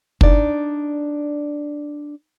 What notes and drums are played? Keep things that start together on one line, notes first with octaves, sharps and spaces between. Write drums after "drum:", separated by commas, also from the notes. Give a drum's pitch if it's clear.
D4 D#4 D5, drum: kick